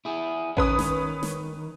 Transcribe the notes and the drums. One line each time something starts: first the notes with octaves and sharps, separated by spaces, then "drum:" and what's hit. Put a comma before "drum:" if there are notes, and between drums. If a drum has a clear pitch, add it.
E4 G#4
D#3 C#4 B4 D#6, drum: kick A1
drum: snare
drum: snare